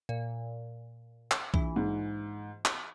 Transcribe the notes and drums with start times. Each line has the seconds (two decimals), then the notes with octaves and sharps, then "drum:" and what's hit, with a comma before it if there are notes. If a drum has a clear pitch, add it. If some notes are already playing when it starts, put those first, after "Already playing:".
0.09 A#2
1.31 drum: clap
1.54 A#1 E3, drum: kick
1.76 G#2
2.65 drum: clap